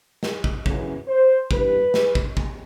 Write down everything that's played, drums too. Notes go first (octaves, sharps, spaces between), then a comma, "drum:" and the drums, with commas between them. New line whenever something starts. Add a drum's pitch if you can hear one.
drum: snare
drum: kick
F#2 C#3 E3, drum: kick
C5
G2 E3 G3 B4, drum: kick
drum: snare
drum: kick
drum: kick